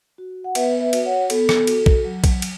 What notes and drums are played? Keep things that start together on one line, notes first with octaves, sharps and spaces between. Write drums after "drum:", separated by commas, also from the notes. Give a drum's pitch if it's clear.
F#4
F#5
B3 B4 E5, drum: cymbal
B4 E5
F#4, drum: cymbal
C#5 F#5
B3 A4, drum: cymbal
drum: rim click
F#4, drum: cymbal
drum: kick
F#3
drum: kick, cymbal
drum: cymbal